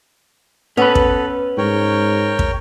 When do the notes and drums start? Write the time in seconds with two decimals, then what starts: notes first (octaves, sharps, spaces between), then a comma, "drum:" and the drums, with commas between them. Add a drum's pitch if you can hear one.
0.77 B3 C#4 A4 B4
0.95 drum: kick
1.58 G#2 A#4 C#5 G5
2.39 drum: kick